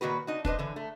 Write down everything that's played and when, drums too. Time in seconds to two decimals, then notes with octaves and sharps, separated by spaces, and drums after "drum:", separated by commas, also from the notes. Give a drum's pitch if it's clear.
0.01 A#2 D#3 F#4 B4
0.27 D4 D#4 F#4
0.45 D4 B4 C5 D#5, drum: kick
0.59 D3 E3
0.76 A3